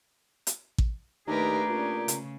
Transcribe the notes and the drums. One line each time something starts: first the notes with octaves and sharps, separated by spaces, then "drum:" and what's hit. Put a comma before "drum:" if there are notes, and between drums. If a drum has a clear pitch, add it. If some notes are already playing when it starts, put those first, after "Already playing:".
drum: hi-hat
drum: kick A1
D#2 A3 D4 G4 G#4 A#4 B4 A#5
A#2 C#4
C#3, drum: hi-hat